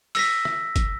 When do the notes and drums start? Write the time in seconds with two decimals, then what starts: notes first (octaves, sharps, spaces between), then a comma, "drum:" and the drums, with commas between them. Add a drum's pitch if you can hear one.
0.15 E6 A#6 B6, drum: open hi-hat
0.45 drum: rim click
0.76 drum: kick G1, hi-hat